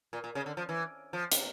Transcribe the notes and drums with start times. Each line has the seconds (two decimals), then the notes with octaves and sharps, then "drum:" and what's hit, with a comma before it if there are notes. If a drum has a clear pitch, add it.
0.13 A#2
0.24 A#2
0.35 C#3
0.46 D3
0.57 F3
0.69 E3
1.13 F3
1.32 drum: hi-hat